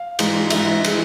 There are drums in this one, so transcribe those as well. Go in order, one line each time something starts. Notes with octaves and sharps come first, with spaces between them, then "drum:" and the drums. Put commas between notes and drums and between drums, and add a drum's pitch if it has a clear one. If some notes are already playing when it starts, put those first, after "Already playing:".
Already playing: F5
G#2 E3 G#3, drum: cymbal
G#2 E3 G#3 E5, drum: cymbal
E3 G#3, drum: cymbal